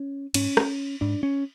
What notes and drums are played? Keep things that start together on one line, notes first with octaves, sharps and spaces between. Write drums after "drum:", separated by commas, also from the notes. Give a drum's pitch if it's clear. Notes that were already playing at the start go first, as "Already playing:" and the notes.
Already playing: C#4
G#2 C#4, drum: cymbal
drum: rim click
G#2 D4
C#4